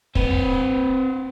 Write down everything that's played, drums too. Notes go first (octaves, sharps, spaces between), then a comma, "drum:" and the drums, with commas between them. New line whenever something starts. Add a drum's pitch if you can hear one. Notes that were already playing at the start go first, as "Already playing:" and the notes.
C4 B4, drum: kick